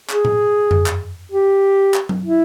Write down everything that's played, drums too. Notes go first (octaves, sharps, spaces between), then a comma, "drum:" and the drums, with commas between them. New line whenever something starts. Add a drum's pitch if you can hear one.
G#4, drum: clap
drum: tom A2
drum: tom F2
drum: clap
G4
drum: clap
drum: tom F#3
E4